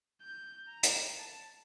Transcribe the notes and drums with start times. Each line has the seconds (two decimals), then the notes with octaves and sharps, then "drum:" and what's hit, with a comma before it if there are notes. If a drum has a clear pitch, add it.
0.21 G6
0.67 A#5
0.83 drum: hi-hat
1.17 A5